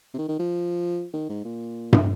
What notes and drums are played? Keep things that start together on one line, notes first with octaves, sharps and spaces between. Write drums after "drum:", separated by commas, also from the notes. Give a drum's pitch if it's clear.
C3
D#3
D#3
F3
D#3
G#2
A#2
drum: tom G2